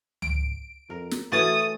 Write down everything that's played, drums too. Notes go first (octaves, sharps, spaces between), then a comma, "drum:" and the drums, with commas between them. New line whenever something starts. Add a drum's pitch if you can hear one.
D7, drum: tom C#2
F2 A#4
drum: snare
E3 A3 C#4 F#4 D#6 A6